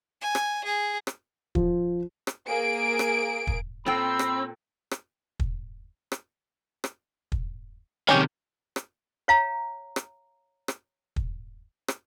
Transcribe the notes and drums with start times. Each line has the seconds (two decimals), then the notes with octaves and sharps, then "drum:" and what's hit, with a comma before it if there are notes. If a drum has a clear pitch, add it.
0.22 G#5
0.35 drum: rim click
0.64 G#4
1.07 drum: rim click
1.55 F3, drum: kick
2.27 drum: rim click
2.47 A#3 G#4 D7
2.99 drum: rim click
3.47 drum: kick
3.86 A#2 C4 A4 G5 B5 E6
4.19 drum: rim click
4.91 drum: rim click
5.40 drum: kick
6.12 drum: rim click
6.84 drum: rim click
7.32 drum: kick
8.09 C3 D#3 C#4 G4
8.76 drum: rim click
9.28 C#5 F5 A#5
9.96 drum: rim click
10.68 drum: rim click
11.16 drum: kick
11.88 drum: rim click